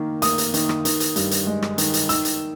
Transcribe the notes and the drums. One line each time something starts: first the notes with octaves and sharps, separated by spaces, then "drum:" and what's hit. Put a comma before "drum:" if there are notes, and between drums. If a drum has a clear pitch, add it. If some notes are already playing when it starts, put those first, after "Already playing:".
Already playing: D#3 A#3
A#3 D#6, drum: hi-hat
drum: hi-hat
D#3, drum: hi-hat
drum: rim click
D#3, drum: hi-hat
drum: hi-hat
G2, drum: hi-hat
drum: hi-hat
G#3
drum: rim click
D#3, drum: hi-hat
drum: hi-hat
D#3 E6, drum: hi-hat
drum: hi-hat